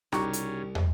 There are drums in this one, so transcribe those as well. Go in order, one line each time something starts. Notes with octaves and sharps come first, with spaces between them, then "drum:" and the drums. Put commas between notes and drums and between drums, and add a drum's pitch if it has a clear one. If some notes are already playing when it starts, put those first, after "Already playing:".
C2 C#3 D#4 F#4 G4, drum: rim click
drum: hi-hat
drum: tom